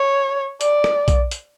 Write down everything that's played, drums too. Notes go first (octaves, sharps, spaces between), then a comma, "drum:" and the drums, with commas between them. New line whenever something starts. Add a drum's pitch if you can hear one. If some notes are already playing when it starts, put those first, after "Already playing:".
Already playing: C#5
D5, drum: hi-hat
drum: rim click
drum: kick B1, hi-hat
drum: hi-hat